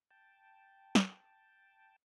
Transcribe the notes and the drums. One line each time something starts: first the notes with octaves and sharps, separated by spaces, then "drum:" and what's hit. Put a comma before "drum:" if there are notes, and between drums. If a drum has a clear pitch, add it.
G5 A5
drum: snare